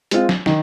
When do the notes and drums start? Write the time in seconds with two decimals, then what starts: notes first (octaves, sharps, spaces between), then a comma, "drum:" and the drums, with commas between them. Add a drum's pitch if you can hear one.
0.11 G#3 C4 F4, drum: hi-hat
0.29 drum: snare
0.46 D#3, drum: snare